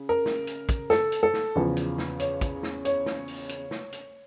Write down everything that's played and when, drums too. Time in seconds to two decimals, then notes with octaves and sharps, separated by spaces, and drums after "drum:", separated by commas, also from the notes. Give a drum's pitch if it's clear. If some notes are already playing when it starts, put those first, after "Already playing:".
Already playing: C#3
0.09 A#4
0.26 drum: snare
0.47 drum: hi-hat
0.69 drum: kick, hi-hat
0.90 A4, drum: snare
1.12 drum: hi-hat
1.23 A4
1.33 drum: snare
1.55 E2 C#3 F3
1.77 drum: hi-hat
1.98 drum: snare
2.20 C#5, drum: hi-hat
2.41 drum: kick, hi-hat
2.63 drum: snare
2.85 C#5, drum: hi-hat
3.06 drum: snare
3.28 drum: open hi-hat
3.49 drum: hi-hat
3.71 drum: snare
3.92 drum: hi-hat